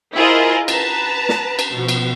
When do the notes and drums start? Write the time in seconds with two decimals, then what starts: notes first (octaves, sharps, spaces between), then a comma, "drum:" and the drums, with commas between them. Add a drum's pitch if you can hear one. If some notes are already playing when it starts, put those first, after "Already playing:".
0.14 E4 F4 G#4 A#4 C5 D#5
0.68 B4 A5 A#5, drum: cymbal
1.29 drum: snare
1.59 drum: cymbal
1.74 B2 F3
1.88 drum: cymbal